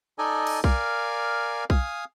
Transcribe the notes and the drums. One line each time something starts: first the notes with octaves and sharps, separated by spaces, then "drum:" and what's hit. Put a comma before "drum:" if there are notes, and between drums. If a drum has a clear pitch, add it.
D#4 A4 D5 D#5 G#5
drum: cymbal
A#4 D5 F5 G#5, drum: kick B1
F5 G#5 D#6, drum: kick B1